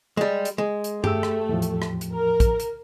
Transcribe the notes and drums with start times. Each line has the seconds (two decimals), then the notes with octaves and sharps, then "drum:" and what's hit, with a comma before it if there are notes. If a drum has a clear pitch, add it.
0.17 G3 G#3
0.45 drum: hi-hat
0.58 G#3
0.84 drum: hi-hat
1.04 A3 G4 G#4 E6, drum: tom G2
1.23 drum: rim click
1.49 E2 A2 F3
1.62 drum: hi-hat
1.82 drum: rim click
2.01 drum: hi-hat
2.13 A#4
2.40 drum: kick A#1, hi-hat
2.60 drum: hi-hat